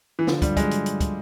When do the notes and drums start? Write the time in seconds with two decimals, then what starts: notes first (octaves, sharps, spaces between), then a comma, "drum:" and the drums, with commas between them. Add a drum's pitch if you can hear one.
0.19 E3
0.27 D3 F3, drum: snare
0.42 G2 G3, drum: kick, hi-hat
0.57 F#3 G#3, drum: kick, hi-hat
0.71 drum: hi-hat
0.86 drum: hi-hat
1.00 drum: kick, hi-hat